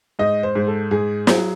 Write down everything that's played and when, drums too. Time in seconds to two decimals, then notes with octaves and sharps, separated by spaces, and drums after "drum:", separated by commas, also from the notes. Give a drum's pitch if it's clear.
0.19 G#2 D#5
0.43 C5
0.55 G#2
0.67 A4
0.91 G#2 G#4
1.27 F#3 G#4, drum: snare